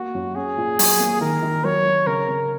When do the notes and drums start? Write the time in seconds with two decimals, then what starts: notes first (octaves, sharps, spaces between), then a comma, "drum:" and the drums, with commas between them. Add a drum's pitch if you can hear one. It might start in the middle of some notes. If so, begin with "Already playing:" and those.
Already playing: A#3 F#4
0.15 F#2
0.36 C#4 G#4
0.58 A#2
0.79 F#3, drum: open hi-hat
1.00 A#3
1.21 D#3 A#4
1.42 D#3
1.64 F#3 C#5
1.86 F#3
2.07 C#3 A#4
2.28 C#3